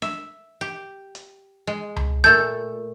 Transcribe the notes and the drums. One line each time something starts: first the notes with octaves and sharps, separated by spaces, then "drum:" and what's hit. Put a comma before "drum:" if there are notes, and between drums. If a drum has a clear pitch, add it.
E5, drum: snare D4
G4
drum: hi-hat
G#3
drum: tom C#2
A#2 A3 A4 G6